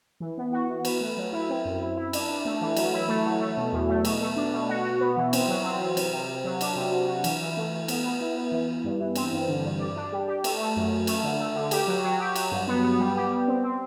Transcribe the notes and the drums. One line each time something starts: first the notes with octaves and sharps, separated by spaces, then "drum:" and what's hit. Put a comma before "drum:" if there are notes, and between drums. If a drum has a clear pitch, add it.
E3
B3
F#4
E3
B4, drum: cymbal
A3
F#3
E4
C4
F#2
E4
E4
D4, drum: cymbal
D4
A3
E3
F#3, drum: cymbal
E4
A3
F#3
A3
B2
E2
A3
B2, drum: cymbal
A3
D4
B2
F#4
F#4
B3
E3
C4, drum: cymbal
F#3
C4
C4
C3, drum: cymbal
C3
C3
F#3
D4, drum: cymbal
C3
F#4
F#4
E3, drum: cymbal
E3
A3
A3
B3, drum: cymbal
B3
E4
B3
E3
E3
G2
E3
C4, drum: cymbal
G2
D3
G2
D5
D4
G3
G4
A3, drum: cymbal
A3
F#2
F#2
A3, drum: cymbal
D3
A3
D3
G4, drum: cymbal
F#3
F#3
G4
F#3, drum: cymbal
G2
B3
B3
G3
G4
G3
C4
C4